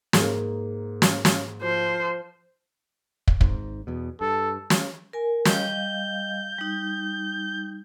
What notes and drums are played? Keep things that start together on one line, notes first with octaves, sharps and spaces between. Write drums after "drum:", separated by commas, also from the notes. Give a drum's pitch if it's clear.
G#2 A#3, drum: snare
drum: snare
drum: snare
F3 C5
drum: kick
G#1 G#2, drum: kick
E2 B2
G2 A4
drum: snare
A#4 G#5
G3 D#5 F5 G6, drum: snare
G3 D#4